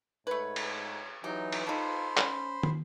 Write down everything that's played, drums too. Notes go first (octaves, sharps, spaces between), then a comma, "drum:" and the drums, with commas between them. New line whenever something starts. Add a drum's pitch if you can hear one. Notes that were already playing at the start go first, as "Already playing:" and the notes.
G#2 A3 B4 C#5
drum: cymbal
E3 F#3 D#4 G4
drum: cymbal
D#4 F4 A4 C5 B5 C6
C#4, drum: clap
drum: tom